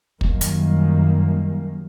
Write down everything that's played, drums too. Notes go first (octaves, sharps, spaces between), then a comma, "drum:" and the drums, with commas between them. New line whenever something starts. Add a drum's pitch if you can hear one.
F#2 D#3 G3 A#3, drum: kick
drum: hi-hat